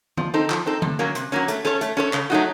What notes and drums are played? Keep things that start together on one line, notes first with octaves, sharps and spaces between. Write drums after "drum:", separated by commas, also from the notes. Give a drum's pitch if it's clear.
F3, drum: tom D3
C4 D#4 A4
F3, drum: clap
C4 D#4 A4
C3, drum: tom D3
F#3 A#3 C#4
C3, drum: hi-hat
F#3 A#3 C#4
A3, drum: hi-hat
C#4 A4 C#5
A3, drum: hi-hat
C#4 A4 C#5
C#3, drum: clap
F#3 A3 D#4 F#4